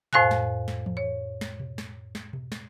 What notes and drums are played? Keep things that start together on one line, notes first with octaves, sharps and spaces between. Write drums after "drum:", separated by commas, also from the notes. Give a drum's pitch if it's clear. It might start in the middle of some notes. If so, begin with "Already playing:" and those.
F2 A2 C5 F5 G#5 F#6, drum: tom B2
drum: snare
drum: snare
drum: tom E3
C#5
drum: snare
drum: tom B2
drum: snare
drum: snare
drum: tom B2
drum: snare